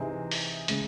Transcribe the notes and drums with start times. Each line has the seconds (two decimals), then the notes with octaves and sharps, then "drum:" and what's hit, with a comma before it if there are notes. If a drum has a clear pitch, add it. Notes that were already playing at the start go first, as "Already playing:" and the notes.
Already playing: C3 E3 C4 D#4 G#4
0.31 drum: open hi-hat
0.68 C#3 G#3, drum: hi-hat